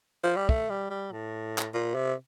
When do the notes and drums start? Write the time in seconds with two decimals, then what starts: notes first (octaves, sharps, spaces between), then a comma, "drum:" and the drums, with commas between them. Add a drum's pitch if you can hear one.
0.24 F3
0.36 G3
0.49 A3, drum: kick
0.70 G3
0.90 G3
1.12 A2
1.58 drum: clap
1.74 A#2
1.95 C3